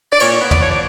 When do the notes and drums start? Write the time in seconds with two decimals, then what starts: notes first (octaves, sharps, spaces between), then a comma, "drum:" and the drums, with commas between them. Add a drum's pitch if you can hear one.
0.12 D5
0.20 A#2 C#5, drum: cymbal
0.40 B3
0.51 D5, drum: tom
0.60 F3 C#5
0.70 D5